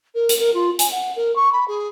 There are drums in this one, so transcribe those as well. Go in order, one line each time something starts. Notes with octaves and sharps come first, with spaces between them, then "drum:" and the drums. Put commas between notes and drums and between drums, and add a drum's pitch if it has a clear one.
A#4
drum: hi-hat
A#4
F4
G#5, drum: hi-hat
F#5
A#4
C#6
B5
G#4